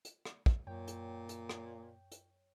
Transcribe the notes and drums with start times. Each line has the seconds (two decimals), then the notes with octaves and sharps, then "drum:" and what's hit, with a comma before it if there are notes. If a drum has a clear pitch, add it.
0.05 drum: hi-hat
0.25 drum: rim click
0.46 drum: kick
0.67 F#2 A#2 C#5 G5
0.87 drum: hi-hat
1.29 drum: hi-hat
1.49 drum: rim click
2.11 drum: hi-hat